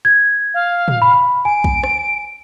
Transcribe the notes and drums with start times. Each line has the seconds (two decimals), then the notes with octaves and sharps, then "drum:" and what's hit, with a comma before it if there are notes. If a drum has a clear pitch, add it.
0.05 G#6
0.54 F5
0.88 drum: tom
1.02 B5
1.45 G#5 D7
1.64 drum: kick B1
1.83 drum: rim click